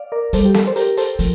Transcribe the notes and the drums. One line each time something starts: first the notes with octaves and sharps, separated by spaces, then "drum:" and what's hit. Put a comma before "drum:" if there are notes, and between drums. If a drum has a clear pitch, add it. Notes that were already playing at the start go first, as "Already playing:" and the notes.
Already playing: D5 F5
A#4 D5
G3 A4 C5, drum: hi-hat
G4
A4, drum: snare
C5
G4 A#4, drum: hi-hat
A4 C5, drum: hi-hat
F3, drum: hi-hat